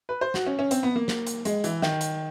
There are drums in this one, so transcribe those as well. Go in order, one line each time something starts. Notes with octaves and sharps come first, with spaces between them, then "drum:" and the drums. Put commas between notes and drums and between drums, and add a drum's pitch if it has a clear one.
B4
C5
F#4, drum: snare
C#4
C#4
C4, drum: hi-hat
B3
A#3
drum: snare
drum: hi-hat
G#3, drum: hi-hat
E3, drum: hi-hat
D#3, drum: snare
drum: hi-hat